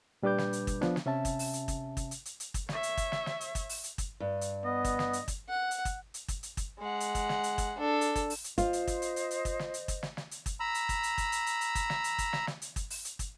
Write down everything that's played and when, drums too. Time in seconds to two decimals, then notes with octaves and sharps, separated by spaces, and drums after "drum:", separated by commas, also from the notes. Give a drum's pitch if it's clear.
0.23 A#2 G3 D4 B4 D6 G6
0.38 drum: snare
0.53 drum: hi-hat
0.67 drum: kick, hi-hat
0.82 F3 B3 D4, drum: snare
0.96 drum: snare
1.06 C3 C#4 E5 A5
1.25 drum: kick, hi-hat
1.39 drum: open hi-hat
1.54 drum: hi-hat
1.68 drum: kick, hi-hat
1.97 drum: kick, hi-hat
2.11 drum: hi-hat
2.25 drum: hi-hat
2.40 drum: hi-hat
2.54 drum: kick, hi-hat
2.69 C#5 E5, drum: snare
2.83 drum: hi-hat
2.97 drum: kick, hi-hat
3.12 drum: snare
3.26 drum: snare
3.41 drum: hi-hat
3.55 drum: kick, hi-hat
3.69 drum: open hi-hat
3.84 drum: hi-hat
3.98 drum: kick, hi-hat
4.20 G2
4.41 drum: hi-hat
4.65 B3 D#5
4.85 drum: kick, hi-hat
4.99 drum: snare
5.13 drum: hi-hat
5.28 drum: kick, hi-hat
5.49 F#5
5.71 drum: hi-hat
5.85 drum: kick, hi-hat
6.14 drum: hi-hat
6.28 drum: kick, hi-hat
6.43 drum: hi-hat
6.57 drum: kick, hi-hat
6.79 G#3 F#5
7.00 drum: hi-hat
7.15 drum: kick, hi-hat
7.29 drum: snare
7.44 drum: hi-hat
7.58 drum: kick, hi-hat
7.78 D4 A4
8.01 drum: hi-hat
8.16 drum: kick, hi-hat
8.30 drum: open hi-hat
8.44 drum: hi-hat
8.58 F4 C5 D#5, drum: kick, hi-hat
8.73 drum: hi-hat
8.87 drum: kick, hi-hat
9.02 drum: hi-hat
9.16 drum: hi-hat
9.31 drum: hi-hat
9.45 drum: kick, hi-hat
9.59 drum: snare
9.74 drum: hi-hat
9.88 drum: kick, hi-hat
10.03 drum: snare
10.17 drum: snare
10.31 drum: hi-hat
10.46 drum: kick, hi-hat
10.60 A#5 B5 E6
10.75 drum: hi-hat
10.89 drum: kick, hi-hat
11.03 drum: hi-hat
11.18 drum: kick, hi-hat
11.32 drum: hi-hat
11.46 drum: hi-hat
11.61 drum: hi-hat
11.75 drum: kick, hi-hat
11.90 drum: snare
12.04 drum: hi-hat
12.18 drum: kick, hi-hat
12.33 drum: snare
12.47 drum: snare
12.62 drum: hi-hat
12.76 drum: kick, hi-hat
12.90 drum: open hi-hat
13.05 drum: hi-hat
13.19 drum: kick, hi-hat